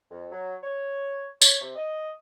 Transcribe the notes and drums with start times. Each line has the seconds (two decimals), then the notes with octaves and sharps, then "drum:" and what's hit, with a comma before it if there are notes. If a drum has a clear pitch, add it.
0.11 F2
0.32 F#3
0.63 C#5
1.42 C#5, drum: tambourine
1.61 C3
1.76 D#5